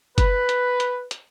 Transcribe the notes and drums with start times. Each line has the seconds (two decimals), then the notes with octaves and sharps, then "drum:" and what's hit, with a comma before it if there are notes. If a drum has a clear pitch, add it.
0.18 B4, drum: kick F#1, hi-hat
0.49 drum: hi-hat
0.80 drum: hi-hat
1.11 drum: hi-hat